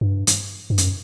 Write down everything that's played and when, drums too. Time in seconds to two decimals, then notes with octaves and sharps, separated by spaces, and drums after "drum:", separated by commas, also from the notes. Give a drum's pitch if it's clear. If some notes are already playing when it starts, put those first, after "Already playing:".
0.01 G2
0.27 drum: hi-hat
0.70 G2
0.78 F#2, drum: hi-hat